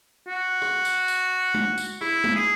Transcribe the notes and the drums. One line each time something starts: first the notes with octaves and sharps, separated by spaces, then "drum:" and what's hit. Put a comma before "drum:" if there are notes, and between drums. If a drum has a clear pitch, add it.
F#4
drum: rim click
drum: tambourine
drum: tambourine
drum: tom G#3
drum: tambourine
E4, drum: rim click
drum: tom G#3
G#4